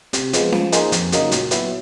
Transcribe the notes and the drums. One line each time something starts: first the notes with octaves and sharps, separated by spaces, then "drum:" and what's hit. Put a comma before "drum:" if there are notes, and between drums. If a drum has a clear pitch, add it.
C3, drum: hi-hat
F3 G#3 B3, drum: hi-hat
F3, drum: snare C#4
A#3 D#4 G#4 C5, drum: hi-hat
F2, drum: hi-hat
C#3 F#3 A#3 D#4, drum: hi-hat
A#2, drum: hi-hat
F#3 B3 E4, drum: hi-hat